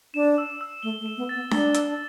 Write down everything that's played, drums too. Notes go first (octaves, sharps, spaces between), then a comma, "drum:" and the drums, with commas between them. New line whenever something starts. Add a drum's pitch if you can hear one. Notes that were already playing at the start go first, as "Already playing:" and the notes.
D4 E7
E6
E6
A3 G7
A3
E7
B3
A6
B3
D4 G7, drum: snare D4
E6, drum: hi-hat